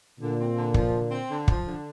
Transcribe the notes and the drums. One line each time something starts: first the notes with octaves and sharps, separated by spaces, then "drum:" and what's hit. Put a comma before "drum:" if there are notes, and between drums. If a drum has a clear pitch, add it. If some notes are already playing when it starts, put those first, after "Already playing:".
A#2 D3
C4
D3
F3, drum: kick
D3
C4
D3
F3, drum: kick
D3